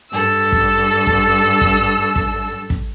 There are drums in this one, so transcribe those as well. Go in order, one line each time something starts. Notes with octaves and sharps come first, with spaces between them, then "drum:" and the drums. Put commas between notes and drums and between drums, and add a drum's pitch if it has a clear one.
G2 A4 E6
drum: kick
drum: kick
drum: kick
drum: kick
drum: kick